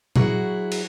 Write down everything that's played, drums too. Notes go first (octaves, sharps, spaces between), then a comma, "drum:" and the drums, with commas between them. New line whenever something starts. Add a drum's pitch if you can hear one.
F#3 E4 F#4 G#4, drum: tom A#2
drum: cymbal